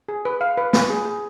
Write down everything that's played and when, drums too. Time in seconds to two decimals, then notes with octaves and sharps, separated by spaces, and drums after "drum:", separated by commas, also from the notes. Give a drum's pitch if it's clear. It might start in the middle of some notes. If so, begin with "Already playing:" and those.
0.08 G#4
0.25 B4
0.41 F5
0.57 B4
0.73 B4, drum: snare
0.90 G#4
1.05 G#4